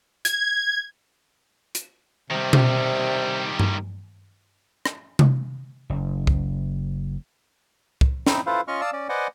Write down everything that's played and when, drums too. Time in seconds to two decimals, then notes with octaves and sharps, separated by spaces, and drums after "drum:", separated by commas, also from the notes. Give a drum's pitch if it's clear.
0.25 G#6, drum: hi-hat
1.75 drum: hi-hat
2.30 C3 D#3 G3
2.53 drum: tom B2
3.60 drum: tom G2
4.85 drum: rim click
5.19 drum: tom C3
5.90 F#1
6.27 drum: kick C2
8.01 drum: kick C2
8.27 C4 D#4 E4, drum: snare
8.46 E4 F4 A4 B4 C5 F5
8.68 C#4 F4 D#5 C#6 F6
8.81 D5 F5 A5 D#6 E6
8.93 C#4 D5
9.09 B4 C5 D5 D#5 F#5 G#5